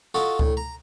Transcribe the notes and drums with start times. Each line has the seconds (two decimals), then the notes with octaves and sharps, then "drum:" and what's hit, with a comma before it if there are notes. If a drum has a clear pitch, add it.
0.14 F4 F#4 A4 D#5
0.39 A2, drum: kick C#2
0.57 A#5